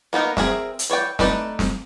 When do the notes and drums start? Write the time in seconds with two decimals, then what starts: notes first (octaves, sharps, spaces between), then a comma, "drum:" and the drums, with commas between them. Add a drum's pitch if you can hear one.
0.13 A#3 B3 D#4 A#4
0.37 C4 G#4 A#4 E5, drum: snare
0.79 drum: hi-hat
0.90 E3 C#5 D5 G5
1.19 A3 D#4 B4 D5, drum: snare
1.59 drum: snare